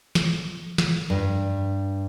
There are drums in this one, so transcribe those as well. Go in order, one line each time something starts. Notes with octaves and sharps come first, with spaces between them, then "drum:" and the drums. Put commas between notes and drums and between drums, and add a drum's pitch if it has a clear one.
drum: snare
drum: snare
G2